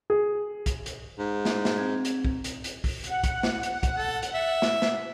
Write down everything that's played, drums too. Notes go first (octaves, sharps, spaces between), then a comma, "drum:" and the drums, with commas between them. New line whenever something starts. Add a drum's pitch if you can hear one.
G#4
drum: kick, hi-hat
drum: hi-hat
G#2
drum: snare
drum: snare
C4 G#6
drum: hi-hat
drum: kick
drum: hi-hat
drum: hi-hat
drum: kick, open hi-hat
F#5, drum: hi-hat
drum: kick, hi-hat
drum: snare
drum: hi-hat
drum: kick, hi-hat
A4
drum: hi-hat
E5
drum: snare
drum: snare